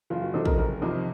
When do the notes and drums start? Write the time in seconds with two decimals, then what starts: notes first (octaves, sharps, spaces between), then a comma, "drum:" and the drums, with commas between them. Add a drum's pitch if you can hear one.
0.10 F#1 F4
0.22 F#4
0.34 F2 C3 D#3 A4
0.45 A#4, drum: kick
0.57 F#1 A#4
0.81 F2 C3 D#3